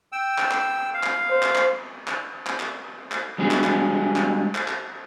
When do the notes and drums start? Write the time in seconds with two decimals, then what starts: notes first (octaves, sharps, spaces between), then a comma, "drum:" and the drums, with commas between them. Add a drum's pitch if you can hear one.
0.12 G5 E6
0.38 drum: clap
0.51 drum: clap
0.94 F5
1.03 drum: clap
1.31 C5
1.42 drum: clap
1.56 drum: clap
2.08 drum: clap
2.47 drum: clap
2.60 drum: clap
3.12 drum: clap
3.38 G3 G#3 D4 F#4 G#4
3.51 drum: clap
3.64 drum: clap
4.16 drum: clap
4.55 drum: clap
4.68 drum: clap